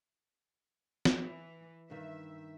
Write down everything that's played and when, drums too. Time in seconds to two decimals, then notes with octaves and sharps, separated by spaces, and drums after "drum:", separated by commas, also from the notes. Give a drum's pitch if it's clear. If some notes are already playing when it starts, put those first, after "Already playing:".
1.05 drum: snare
1.22 E3
1.90 G2 D#3 E5